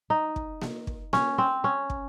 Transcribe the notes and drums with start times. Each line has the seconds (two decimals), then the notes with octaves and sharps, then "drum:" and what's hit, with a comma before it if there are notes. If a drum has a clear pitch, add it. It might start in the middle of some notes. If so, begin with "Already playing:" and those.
0.10 D#4
0.36 drum: kick
0.62 drum: snare A#3
0.87 drum: kick
1.13 C#4, drum: snare A#3
1.38 C4
1.64 C#4
1.90 drum: kick